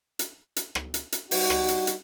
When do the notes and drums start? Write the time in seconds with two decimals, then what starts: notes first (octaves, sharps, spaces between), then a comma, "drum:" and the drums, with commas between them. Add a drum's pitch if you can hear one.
0.19 drum: hi-hat
0.56 drum: hi-hat
0.75 drum: rim click
0.94 drum: hi-hat
1.12 drum: hi-hat
1.31 G3 D#4 F#4, drum: open hi-hat
1.50 drum: rim click
1.68 drum: hi-hat
1.87 drum: hi-hat